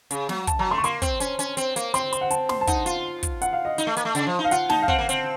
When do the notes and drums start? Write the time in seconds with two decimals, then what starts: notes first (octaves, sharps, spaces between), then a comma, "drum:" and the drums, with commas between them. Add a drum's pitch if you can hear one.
0.11 C#3, drum: hi-hat
0.29 F#3, drum: snare
0.47 A5, drum: kick, hi-hat
0.59 F#3 A#5
0.71 A3 C6
0.78 C#6
0.84 A#3 C6, drum: hi-hat
1.02 C4, drum: kick, hi-hat
1.20 C#4, drum: hi-hat
1.39 C#4, drum: hi-hat
1.57 C4, drum: hi-hat
1.76 A#3, drum: hi-hat
1.94 C4 C6, drum: hi-hat
2.13 C6, drum: hi-hat
2.21 F#5
2.31 A5, drum: hi-hat
2.49 C6, drum: snare
2.61 A5
2.67 D#4 F#5, drum: kick, hi-hat
2.86 F4, drum: hi-hat
3.23 drum: kick, hi-hat
3.42 F#5, drum: hi-hat
3.53 F5
3.65 D#5
3.78 D#4, drum: hi-hat
3.87 A3
3.97 A#3, drum: hi-hat
4.05 A3
4.15 C#3, drum: hi-hat
4.27 F3
4.39 D#4
4.44 F5
4.51 F4 F#5, drum: hi-hat
4.69 D#4 A5, drum: snare
4.82 F5
4.88 C4 F#5, drum: kick
4.98 A#3
5.09 C4, drum: hi-hat